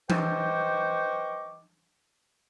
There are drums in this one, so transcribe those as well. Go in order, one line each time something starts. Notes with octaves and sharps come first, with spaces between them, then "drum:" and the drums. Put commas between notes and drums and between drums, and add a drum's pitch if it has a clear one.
B4 C5 D#5 G5 C#6 D6, drum: tom E3